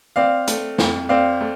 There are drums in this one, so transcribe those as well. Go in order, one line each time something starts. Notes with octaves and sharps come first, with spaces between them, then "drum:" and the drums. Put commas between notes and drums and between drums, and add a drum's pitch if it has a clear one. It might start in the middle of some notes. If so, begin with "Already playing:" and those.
C4 D5 F5
A3, drum: hi-hat
F2, drum: snare
C4 D5 F5
A3